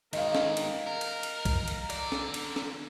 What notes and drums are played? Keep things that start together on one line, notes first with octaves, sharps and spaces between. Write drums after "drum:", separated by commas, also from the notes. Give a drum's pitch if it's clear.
D#3 G#3 A#4 D#5 F5, drum: cymbal
drum: snare
drum: cymbal
A#4 A#5
drum: cymbal
drum: cymbal
drum: kick B1, cymbal
drum: cymbal
D3 D5, drum: cymbal
drum: snare
drum: cymbal
drum: snare